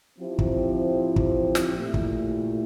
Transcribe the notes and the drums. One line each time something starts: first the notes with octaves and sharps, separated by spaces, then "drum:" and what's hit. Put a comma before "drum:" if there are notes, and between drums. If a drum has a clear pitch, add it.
F3 C4 E4 G4
drum: kick
drum: kick
drum: snare
A#2 A3 E4 G4
drum: kick